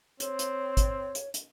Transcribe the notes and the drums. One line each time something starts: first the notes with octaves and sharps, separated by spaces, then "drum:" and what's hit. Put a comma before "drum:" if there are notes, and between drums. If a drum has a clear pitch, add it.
C4 C#5, drum: hi-hat
drum: hi-hat
drum: kick G#1, hi-hat
drum: hi-hat
drum: hi-hat